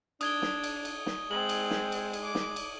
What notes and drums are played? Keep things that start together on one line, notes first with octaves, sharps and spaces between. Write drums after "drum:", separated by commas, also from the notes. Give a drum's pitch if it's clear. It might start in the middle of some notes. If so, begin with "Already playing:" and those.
D4 D#6 G#6 G7, drum: cymbal
drum: snare
drum: cymbal
drum: cymbal
drum: snare
G#3 C4 F#7
drum: cymbal
drum: snare
drum: cymbal
drum: cymbal
D6
drum: snare
drum: cymbal